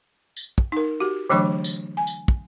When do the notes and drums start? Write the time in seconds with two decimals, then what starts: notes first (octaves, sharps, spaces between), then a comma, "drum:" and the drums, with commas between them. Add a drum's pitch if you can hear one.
0.37 drum: tambourine
0.58 drum: kick
0.72 D#4 A#4
1.00 F#4 G4
1.30 D3 E3 F#3 A3 D4 C#6
1.64 drum: tambourine
1.97 G#5
2.07 drum: tambourine
2.28 drum: kick